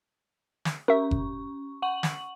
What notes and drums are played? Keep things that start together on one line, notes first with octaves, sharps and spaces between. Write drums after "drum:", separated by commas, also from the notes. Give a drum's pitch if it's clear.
drum: snare
C#4 A#4 E5 C#6
drum: kick F#1
F#5 C#6 F#7
drum: snare